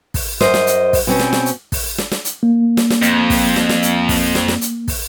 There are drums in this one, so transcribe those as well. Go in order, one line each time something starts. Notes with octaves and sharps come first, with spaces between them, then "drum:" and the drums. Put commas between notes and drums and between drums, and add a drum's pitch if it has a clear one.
drum: kick, open hi-hat
F#2 A#4 C5 D#5, drum: snare
drum: snare
drum: hi-hat
drum: kick, open hi-hat
B2 C4 C#4
drum: snare
drum: snare
drum: hi-hat
drum: kick, open hi-hat
drum: snare
drum: snare
drum: hi-hat
A#3
drum: snare
drum: snare
F2, drum: hi-hat
drum: kick, open hi-hat
drum: snare
drum: snare
drum: hi-hat
drum: kick, open hi-hat
drum: snare
drum: snare
drum: hi-hat
drum: kick, open hi-hat